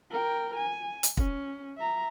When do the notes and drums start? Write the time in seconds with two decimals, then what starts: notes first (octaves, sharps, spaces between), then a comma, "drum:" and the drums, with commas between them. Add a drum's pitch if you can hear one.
0.11 A#4 G5
0.56 G#5
1.03 drum: hi-hat
1.17 C#4, drum: kick
1.77 E5 A#5